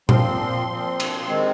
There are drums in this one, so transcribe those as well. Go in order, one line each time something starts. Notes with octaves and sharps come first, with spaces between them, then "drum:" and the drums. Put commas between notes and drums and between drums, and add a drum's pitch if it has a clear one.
A#2 F3 C4 C6, drum: tom A#2
A#2 F3 C4
drum: cymbal
D#3 G#3 C4